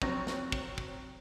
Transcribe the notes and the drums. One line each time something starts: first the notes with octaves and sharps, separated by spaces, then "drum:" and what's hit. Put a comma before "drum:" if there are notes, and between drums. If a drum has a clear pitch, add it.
F1 F#3 C4 C#5 A#6, drum: kick
drum: snare
drum: kick
drum: kick